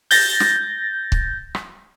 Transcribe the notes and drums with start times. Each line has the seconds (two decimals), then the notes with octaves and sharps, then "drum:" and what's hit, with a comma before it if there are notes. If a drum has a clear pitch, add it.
0.11 G6 A6 A#6, drum: open hi-hat
0.40 drum: snare
1.12 drum: kick
1.55 drum: rim click